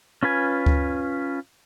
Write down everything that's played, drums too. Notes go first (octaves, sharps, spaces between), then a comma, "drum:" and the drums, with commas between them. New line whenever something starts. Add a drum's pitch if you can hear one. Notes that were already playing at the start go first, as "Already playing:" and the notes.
C#4 F4 B4 G#5
drum: kick D2